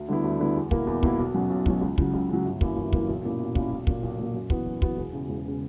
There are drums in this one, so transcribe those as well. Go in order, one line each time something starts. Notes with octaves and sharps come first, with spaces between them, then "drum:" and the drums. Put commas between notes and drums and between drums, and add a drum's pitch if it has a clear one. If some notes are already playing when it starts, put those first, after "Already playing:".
Already playing: D2
D3 G3 B3 E4
D2
D3 G3 B3 E4
E2
B2 A#3 E4 A#4, drum: kick
E2
B2 A#3 E4 A#4, drum: kick
B1
B2 F#3 C#4
B1
B2 F#3 C#4, drum: kick
C#2
C#3 F#3, drum: kick
C#2
C#3 F#3
G1
F#2 E3 A#3 E4, drum: kick
G1
F#2 E3 A#3 E4, drum: kick
B1
A#2 A#3 C#4 E4
B1
A#2 A#3 C#4 E4, drum: kick
B1
A#2 A#3, drum: kick
B1
A#2 A#3
F#2
E3 B3 F#4, drum: kick
F#2
E3 B3 F#4, drum: kick
E1
E2 C#3
E1
C#3